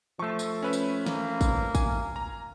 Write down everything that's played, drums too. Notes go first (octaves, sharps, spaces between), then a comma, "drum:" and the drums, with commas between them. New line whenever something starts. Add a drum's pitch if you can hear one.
F3 A3 C#6 E6
drum: tambourine
C#4 B4 E5
drum: tambourine
A#3, drum: snare
drum: kick G#1, tambourine
G#5, drum: kick G#1, tambourine
A#5